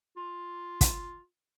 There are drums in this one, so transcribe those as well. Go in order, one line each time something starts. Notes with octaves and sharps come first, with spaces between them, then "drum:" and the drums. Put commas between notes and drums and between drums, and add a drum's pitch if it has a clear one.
F4
drum: kick, hi-hat